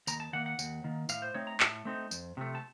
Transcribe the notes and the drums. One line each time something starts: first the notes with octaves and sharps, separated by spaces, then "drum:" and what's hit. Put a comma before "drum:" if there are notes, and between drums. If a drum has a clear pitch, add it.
D#2 A#5, drum: tambourine
A5
D#3 A#3 F#5
F#5
D#2, drum: tambourine
D#3 A#3
A2 F5, drum: tambourine
C5
A3 C4 D#4 C#5
A#5
A2 A5, drum: clap
A3 C4 D#4
F2, drum: tambourine
C3 F3 A3
A5